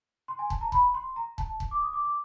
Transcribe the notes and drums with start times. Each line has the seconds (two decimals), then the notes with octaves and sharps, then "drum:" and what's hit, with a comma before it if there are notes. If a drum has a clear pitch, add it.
0.28 C6
0.39 G#5
0.50 A5, drum: kick
0.61 A#5
0.72 B5, drum: kick
0.94 C6
1.16 A#5
1.38 A5, drum: kick
1.60 drum: kick
1.71 D6
1.82 D#6
1.93 D6
2.05 D6